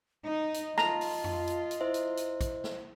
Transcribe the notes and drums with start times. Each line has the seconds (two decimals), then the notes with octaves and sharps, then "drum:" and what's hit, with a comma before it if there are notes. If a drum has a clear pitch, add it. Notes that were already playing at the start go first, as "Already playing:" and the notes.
0.25 D#4 D#5
0.54 drum: hi-hat
0.78 F4 A5 A#5, drum: snare
1.01 drum: open hi-hat
1.24 drum: tom F2
1.48 drum: hi-hat
1.71 drum: hi-hat
1.81 E4 C5 E5
1.94 drum: hi-hat
2.17 drum: hi-hat
2.41 drum: kick, hi-hat
2.64 drum: snare